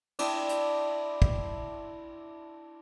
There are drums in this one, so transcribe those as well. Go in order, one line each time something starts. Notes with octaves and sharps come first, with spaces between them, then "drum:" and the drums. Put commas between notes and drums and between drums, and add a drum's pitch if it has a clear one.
D4 E4 D#5 G5, drum: cymbal
drum: hi-hat
drum: kick